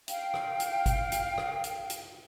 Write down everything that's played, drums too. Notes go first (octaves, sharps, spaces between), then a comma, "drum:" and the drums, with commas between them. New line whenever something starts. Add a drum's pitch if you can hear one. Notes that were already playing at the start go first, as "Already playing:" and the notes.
F5 G5, drum: hi-hat
drum: rim click
drum: hi-hat
drum: kick G1, hi-hat
drum: hi-hat
drum: rim click
drum: hi-hat
drum: hi-hat